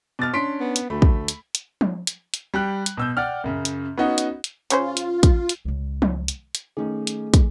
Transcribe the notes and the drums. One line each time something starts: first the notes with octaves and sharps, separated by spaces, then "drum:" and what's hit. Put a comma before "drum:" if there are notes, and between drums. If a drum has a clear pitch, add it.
B2 D6 F6 A6
C#4 D4 C6 B6 D7
B3
drum: hi-hat
D2 A3 B5
drum: kick
drum: hi-hat
drum: hi-hat
drum: tom
drum: hi-hat
drum: hi-hat
G3 G5 F#6
drum: hi-hat
B2 E6 G6
D5 F#5 G5 F6
F#2 C#3
drum: hi-hat
B3 C#4 D#4 F#4
drum: hi-hat
drum: hi-hat
C#3 C#4 F4 C5, drum: hi-hat
drum: hi-hat
drum: kick, hi-hat
drum: hi-hat
C#2 C#3
drum: tom
drum: hi-hat
drum: hi-hat
D#3 A3 C#4 D#4 G#4
drum: hi-hat
drum: kick, hi-hat